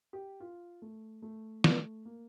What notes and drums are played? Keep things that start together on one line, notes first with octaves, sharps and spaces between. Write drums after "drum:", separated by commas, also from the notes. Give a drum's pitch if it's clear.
G4
F4
A3
A3
A3, drum: snare
A#3